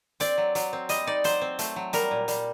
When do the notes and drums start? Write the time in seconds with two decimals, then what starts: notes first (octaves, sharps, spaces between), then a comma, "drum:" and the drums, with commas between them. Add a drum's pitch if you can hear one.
0.20 C4 D5, drum: hi-hat
0.38 F#3
0.55 F#3, drum: hi-hat
0.73 C4
0.89 G3 D#5, drum: hi-hat
1.07 D#4 D5
1.24 F#3 C5, drum: hi-hat
1.41 C4
1.59 A3, drum: hi-hat
1.76 F#3
1.93 G3 A#4, drum: hi-hat
2.11 A#2
2.28 G3, drum: hi-hat